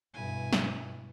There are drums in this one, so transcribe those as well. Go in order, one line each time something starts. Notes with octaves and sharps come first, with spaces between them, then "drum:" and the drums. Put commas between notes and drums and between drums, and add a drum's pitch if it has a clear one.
G2 B2 E4 G#5
drum: snare